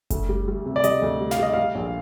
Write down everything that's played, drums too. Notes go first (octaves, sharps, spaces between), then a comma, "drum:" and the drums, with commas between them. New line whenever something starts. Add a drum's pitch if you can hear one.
D2, drum: kick F#1, hi-hat
G3
G3
C3
D5
G3 D#5, drum: hi-hat
D2
G3
F5, drum: snare
G3 D#5
G3 F5
A#1